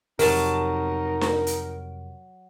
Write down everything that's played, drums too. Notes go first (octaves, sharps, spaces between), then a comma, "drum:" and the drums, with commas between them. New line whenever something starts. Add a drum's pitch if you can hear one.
F2 C3 F#3 D#4 A#4 A5, drum: open hi-hat
drum: snare
drum: hi-hat